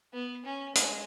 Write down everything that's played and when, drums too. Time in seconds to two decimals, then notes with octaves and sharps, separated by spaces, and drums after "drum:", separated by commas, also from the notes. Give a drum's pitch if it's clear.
0.13 B3
0.45 C#4
0.75 G#3, drum: hi-hat